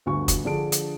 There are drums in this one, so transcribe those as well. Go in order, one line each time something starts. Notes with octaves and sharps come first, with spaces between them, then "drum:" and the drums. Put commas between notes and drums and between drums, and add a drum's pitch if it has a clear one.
G1 D2 F#4 G#5 C#6
drum: kick, hi-hat
D3 F3 D4 G#4 A5 D7
drum: hi-hat